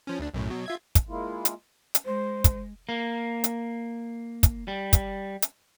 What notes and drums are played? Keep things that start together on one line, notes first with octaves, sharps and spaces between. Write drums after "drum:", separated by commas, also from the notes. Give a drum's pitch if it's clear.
F3 C#4
D2 D4
B1 F#2 A2
B2 F#3
F4 E5 G#6
drum: kick, hi-hat
G#3 A#3 E4 F4
drum: hi-hat
drum: hi-hat
G#3 C5
drum: kick, hi-hat
A#3
drum: hi-hat
drum: kick, hi-hat
G3
drum: kick, hi-hat
drum: hi-hat